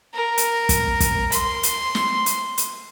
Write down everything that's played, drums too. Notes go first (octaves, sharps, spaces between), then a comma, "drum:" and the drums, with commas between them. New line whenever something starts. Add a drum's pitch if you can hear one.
A#4
drum: hi-hat
drum: kick, hi-hat
drum: kick, hi-hat
C6, drum: hi-hat
drum: hi-hat
drum: snare
drum: hi-hat
drum: hi-hat